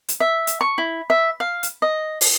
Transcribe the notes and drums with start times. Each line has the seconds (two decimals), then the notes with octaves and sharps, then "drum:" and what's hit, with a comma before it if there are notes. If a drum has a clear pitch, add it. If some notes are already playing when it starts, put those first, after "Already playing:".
0.08 drum: hi-hat
0.20 E5
0.47 drum: hi-hat
0.61 C#6
0.78 E4
1.10 E5
1.40 F5
1.63 drum: hi-hat
1.82 D#5
2.21 drum: open hi-hat